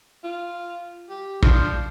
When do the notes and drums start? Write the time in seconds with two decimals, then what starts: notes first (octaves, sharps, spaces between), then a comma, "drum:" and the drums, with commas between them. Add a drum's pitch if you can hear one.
0.24 F4
1.10 G4
1.43 F3 D4, drum: kick